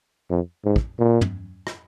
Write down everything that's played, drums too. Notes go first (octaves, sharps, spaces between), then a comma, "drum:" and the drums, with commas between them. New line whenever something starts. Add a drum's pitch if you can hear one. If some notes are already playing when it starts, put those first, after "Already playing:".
F2
G#2
drum: kick
A#2
drum: tom
drum: rim click